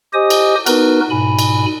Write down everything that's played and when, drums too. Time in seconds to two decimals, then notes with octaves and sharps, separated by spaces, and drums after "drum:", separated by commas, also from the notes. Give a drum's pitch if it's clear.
0.13 G4 C5 D#5 G#5 D#6
0.30 drum: cymbal
0.66 B3 D#4 F#4 A#4 B4, drum: cymbal
1.10 G#2 B2 G#5 B5
1.39 drum: cymbal